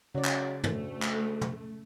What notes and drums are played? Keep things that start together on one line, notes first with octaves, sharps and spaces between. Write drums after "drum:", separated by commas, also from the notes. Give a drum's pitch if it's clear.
C#3 F#3 D5
drum: clap
D2 A3, drum: tom
drum: clap
drum: tom